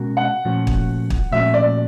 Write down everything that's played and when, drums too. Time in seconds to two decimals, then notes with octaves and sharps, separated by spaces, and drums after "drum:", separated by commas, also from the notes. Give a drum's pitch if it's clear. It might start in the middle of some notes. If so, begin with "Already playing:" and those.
Already playing: B2 G#3 C#4 F#4 A#4
0.17 F#5
0.45 A#2 F3 A3 C#4 F#4
0.67 drum: kick
1.10 drum: kick
1.32 A#2 F3 A3 C#4 F#4 E5
1.54 D5